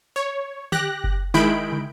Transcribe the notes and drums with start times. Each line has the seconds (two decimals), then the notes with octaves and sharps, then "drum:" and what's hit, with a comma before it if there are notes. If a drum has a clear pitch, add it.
0.16 C#5
0.72 G4 F#6 A#6, drum: tom D3
1.04 drum: kick F#1
1.34 D#3 G#3 E4 B5 G6 D7
1.72 drum: tom